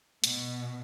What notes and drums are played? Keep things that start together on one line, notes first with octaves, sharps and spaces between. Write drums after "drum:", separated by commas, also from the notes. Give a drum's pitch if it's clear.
B2, drum: hi-hat